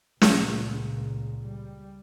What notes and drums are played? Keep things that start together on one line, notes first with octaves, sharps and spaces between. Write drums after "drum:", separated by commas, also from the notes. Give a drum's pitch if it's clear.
C#2 A#2, drum: snare
G3